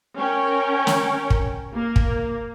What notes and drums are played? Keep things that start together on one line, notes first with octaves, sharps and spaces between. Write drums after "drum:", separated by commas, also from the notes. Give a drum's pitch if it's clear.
C#4 A#4 G5
drum: snare
drum: kick
A#3
drum: kick